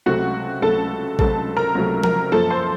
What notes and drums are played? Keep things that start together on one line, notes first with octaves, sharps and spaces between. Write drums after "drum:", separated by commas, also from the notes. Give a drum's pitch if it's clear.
C#2 C3 F#3 A3 F#4 F#5
C#2 C3 F#3 A3 A4 A5
C#2 C3 F#3 A3 A4 A5, drum: kick A1
A#4 A#5
C#2 C3 F#3 A3
A#4 A#5, drum: tom F3
F#2 F3 A#3 A4 A5
C5 C6